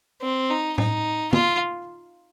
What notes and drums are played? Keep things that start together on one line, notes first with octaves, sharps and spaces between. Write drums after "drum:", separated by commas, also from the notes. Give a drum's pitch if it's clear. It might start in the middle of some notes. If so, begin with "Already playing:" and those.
C4
D#4
D#4, drum: tom A2
F4, drum: tom